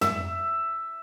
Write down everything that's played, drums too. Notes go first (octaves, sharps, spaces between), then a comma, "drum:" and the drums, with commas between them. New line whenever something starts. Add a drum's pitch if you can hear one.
E5, drum: tom